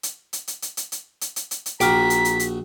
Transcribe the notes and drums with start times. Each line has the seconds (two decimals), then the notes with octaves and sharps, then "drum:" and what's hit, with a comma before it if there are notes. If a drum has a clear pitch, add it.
0.03 drum: hi-hat
0.33 drum: hi-hat
0.48 drum: hi-hat
0.62 drum: hi-hat
0.77 drum: hi-hat
0.92 drum: hi-hat
1.21 drum: hi-hat
1.36 drum: hi-hat
1.51 drum: hi-hat
1.66 drum: hi-hat
1.80 A#1 F#4 G5 A#5 D6 F6 B6, drum: hi-hat
2.10 drum: hi-hat
2.25 drum: hi-hat
2.39 drum: hi-hat